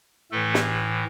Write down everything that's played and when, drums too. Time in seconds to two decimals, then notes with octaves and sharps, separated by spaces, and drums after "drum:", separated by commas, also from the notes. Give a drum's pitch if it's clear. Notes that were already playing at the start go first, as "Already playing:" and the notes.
0.31 A2 E3 A3 A4
0.54 drum: snare